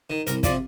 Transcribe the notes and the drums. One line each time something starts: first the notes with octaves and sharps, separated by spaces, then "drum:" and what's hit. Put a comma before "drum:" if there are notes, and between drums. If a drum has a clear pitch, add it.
D#3
C2 A#4, drum: hi-hat
C3 F3 D5, drum: kick, hi-hat